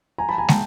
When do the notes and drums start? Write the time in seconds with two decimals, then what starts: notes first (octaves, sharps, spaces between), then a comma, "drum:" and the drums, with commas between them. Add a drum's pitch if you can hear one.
0.18 G#5 A#5
0.29 A5 B5
0.38 G#5 A#5
0.48 G5 A5, drum: snare